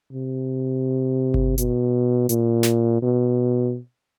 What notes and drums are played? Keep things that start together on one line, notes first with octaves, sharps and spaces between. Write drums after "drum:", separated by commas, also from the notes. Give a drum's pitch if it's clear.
C3
drum: kick G1
B2, drum: hi-hat
A#2, drum: hi-hat
drum: snare
B2